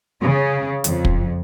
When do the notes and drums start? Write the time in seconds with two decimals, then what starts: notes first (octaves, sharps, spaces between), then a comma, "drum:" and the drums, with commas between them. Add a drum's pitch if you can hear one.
0.21 C#3
0.84 F2, drum: hi-hat
1.05 drum: kick